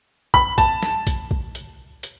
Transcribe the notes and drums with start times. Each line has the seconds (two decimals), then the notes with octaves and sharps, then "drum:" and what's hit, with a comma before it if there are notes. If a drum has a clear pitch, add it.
0.34 B5, drum: kick A#1
0.58 A5, drum: kick A#1, hi-hat
0.83 drum: snare
1.07 drum: kick A#1, hi-hat
1.31 drum: kick A#1
1.55 drum: hi-hat
2.03 drum: hi-hat